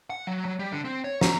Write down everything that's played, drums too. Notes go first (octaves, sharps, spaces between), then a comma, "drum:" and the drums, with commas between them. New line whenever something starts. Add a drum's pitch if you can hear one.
F#5
F#3
F#3
G3
D3
C4
C#5
A#5, drum: snare